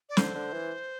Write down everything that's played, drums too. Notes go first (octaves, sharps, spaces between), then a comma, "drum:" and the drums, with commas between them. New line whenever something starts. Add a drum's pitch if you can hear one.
D5
D3 C5, drum: snare
D3
E3